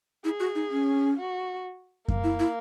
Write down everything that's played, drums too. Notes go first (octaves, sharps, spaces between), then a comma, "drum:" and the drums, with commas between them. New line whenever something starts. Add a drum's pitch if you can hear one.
E4 G#4
F#4
D#4
C#4
F#4
A#3, drum: kick F#2
E4
E4